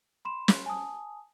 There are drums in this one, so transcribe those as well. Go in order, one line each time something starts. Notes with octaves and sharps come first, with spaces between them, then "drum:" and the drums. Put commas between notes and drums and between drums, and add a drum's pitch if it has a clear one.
B5 C6 E7
drum: snare
G#5 A5 D#6